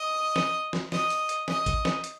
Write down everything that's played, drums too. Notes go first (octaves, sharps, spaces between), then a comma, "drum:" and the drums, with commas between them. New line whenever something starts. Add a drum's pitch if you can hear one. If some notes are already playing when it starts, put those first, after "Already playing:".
Already playing: D#5
drum: snare
drum: snare
D#5, drum: snare
drum: hi-hat
drum: hi-hat
D#5, drum: snare
drum: kick, hi-hat
drum: snare
drum: hi-hat